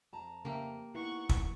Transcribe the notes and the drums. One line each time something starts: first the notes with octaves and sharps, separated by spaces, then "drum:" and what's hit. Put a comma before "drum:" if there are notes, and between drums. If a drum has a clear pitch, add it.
F2 A5 A#5
C#3 A#3 G4 E5
B3 D#4 E4 F#5 C#6
drum: kick